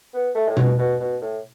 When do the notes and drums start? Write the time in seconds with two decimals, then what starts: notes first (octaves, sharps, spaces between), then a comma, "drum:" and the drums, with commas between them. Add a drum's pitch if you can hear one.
0.14 B3
0.35 A3
0.48 A2
0.57 B2, drum: tom B2
0.78 B2
1.00 B2
1.21 A2